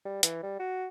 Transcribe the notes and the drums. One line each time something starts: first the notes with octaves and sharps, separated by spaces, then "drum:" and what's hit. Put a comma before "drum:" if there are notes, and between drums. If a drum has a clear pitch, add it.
G3
E3, drum: hi-hat
G3
F#4